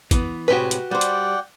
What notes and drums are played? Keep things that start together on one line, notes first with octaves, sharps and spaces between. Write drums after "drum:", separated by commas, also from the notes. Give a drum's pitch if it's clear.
E3 B3, drum: kick, hi-hat
A2 C3 G#3 F#4 G4 B4
drum: hi-hat
G3 C5 D5 F#5 G5
drum: hi-hat